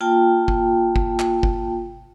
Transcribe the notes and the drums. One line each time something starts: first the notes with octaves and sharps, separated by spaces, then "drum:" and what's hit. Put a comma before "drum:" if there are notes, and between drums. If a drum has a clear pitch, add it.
A#3 F4 G5 A5
drum: kick G1
drum: kick G1
drum: clap
drum: kick G1